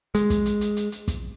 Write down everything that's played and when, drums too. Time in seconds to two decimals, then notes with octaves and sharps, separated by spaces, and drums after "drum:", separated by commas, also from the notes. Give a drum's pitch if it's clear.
0.15 G#3, drum: hi-hat
0.30 drum: kick, hi-hat
0.46 drum: hi-hat
0.61 drum: hi-hat
0.77 drum: hi-hat
0.92 drum: hi-hat
1.08 drum: kick, hi-hat